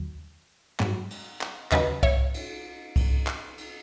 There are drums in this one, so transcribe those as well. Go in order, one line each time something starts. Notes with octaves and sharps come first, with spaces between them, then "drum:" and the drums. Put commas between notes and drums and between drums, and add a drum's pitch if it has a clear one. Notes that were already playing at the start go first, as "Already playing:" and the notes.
Already playing: D#2 F#3
G#2 F#3, drum: clap
drum: cymbal
drum: clap
D#2 C#3 F#3 B4 D#5, drum: clap
C#5 E5, drum: kick C2
drum: cymbal
drum: kick C2, cymbal
drum: clap
drum: cymbal